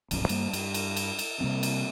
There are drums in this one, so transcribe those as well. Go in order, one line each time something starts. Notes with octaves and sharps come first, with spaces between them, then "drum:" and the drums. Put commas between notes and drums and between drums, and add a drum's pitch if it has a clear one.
D1 A#1 F#2 C#4, drum: cymbal
G2 G3 A#3, drum: cymbal
G2, drum: cymbal
drum: cymbal
drum: cymbal
drum: cymbal
C3 G3 A#3 C4
drum: cymbal